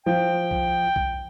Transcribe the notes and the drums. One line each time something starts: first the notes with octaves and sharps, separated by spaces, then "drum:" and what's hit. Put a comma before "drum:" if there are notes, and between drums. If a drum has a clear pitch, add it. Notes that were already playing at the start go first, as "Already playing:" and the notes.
F3 G5
drum: kick B1
drum: kick B1